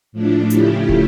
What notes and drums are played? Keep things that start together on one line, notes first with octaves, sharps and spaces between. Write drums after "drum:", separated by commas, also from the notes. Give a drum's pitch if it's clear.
A2 F3 A3 D4
C#3 F3 A3 E4 G4, drum: hi-hat
drum: kick